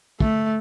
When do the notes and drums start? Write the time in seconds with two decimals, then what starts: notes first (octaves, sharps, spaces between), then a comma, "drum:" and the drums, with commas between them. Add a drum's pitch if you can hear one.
0.20 A3, drum: kick